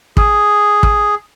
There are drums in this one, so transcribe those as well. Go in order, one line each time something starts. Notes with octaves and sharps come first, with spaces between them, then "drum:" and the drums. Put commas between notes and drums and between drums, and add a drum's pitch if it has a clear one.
G#4, drum: kick
drum: kick